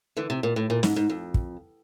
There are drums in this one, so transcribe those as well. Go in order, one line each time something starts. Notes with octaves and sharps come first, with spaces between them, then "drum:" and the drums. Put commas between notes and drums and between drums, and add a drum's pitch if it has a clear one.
D3 E3
C3
A#2
A2
A#2
G#2, drum: snare
G#2
F2
drum: kick